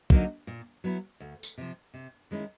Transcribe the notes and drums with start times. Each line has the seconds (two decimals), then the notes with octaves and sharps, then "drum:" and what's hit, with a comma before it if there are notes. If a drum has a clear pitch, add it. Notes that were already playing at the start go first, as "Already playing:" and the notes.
0.10 D3 F#3 A#3 D#4, drum: kick
0.47 A#2
0.84 F#3 B3 E4
1.20 D2
1.43 drum: tambourine
1.58 C3 F3
1.94 C3
2.31 D#3 G#3 C#4 E4